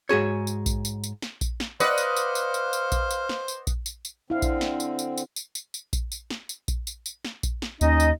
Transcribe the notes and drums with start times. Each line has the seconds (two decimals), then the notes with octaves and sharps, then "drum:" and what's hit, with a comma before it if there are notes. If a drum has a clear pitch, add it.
0.09 G#2 F#4 G#4 C#5
0.47 drum: tambourine
0.66 drum: kick A#1, tambourine
0.85 drum: tambourine
1.04 drum: tambourine
1.22 drum: snare
1.41 drum: kick A#1, tambourine
1.60 drum: snare
1.80 B4 C5 D5 D#5 F5 F#5, drum: tambourine
1.98 drum: tambourine
2.17 drum: tambourine
2.35 drum: tambourine
2.54 drum: tambourine
2.73 drum: tambourine
2.92 drum: kick A#1, tambourine
3.11 drum: tambourine
3.29 drum: snare
3.48 drum: tambourine
3.67 drum: kick A#1, tambourine
3.86 drum: tambourine
4.05 drum: tambourine
4.30 D3 C4 E4 F5
4.42 drum: kick A#1, tambourine
4.61 drum: snare
4.80 drum: tambourine
4.99 drum: tambourine
5.18 drum: tambourine
5.36 drum: tambourine
5.55 drum: tambourine
5.74 drum: tambourine
5.93 drum: kick A#1, tambourine
6.12 drum: tambourine
6.30 drum: snare
6.49 drum: tambourine
6.68 drum: kick A#1, tambourine
6.87 drum: tambourine
7.06 drum: tambourine
7.25 drum: snare
7.43 drum: kick A#1, tambourine
7.62 drum: snare
7.81 D#2 C#4 D#4 D#5, drum: tambourine
8.00 drum: tambourine